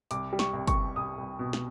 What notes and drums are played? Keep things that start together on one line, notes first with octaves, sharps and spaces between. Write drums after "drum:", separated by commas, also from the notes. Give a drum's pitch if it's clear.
C2 D6, drum: hi-hat
G3
C#6, drum: snare
C2
C#6, drum: kick, hi-hat
C2
C2 D#6
C2
B2
drum: snare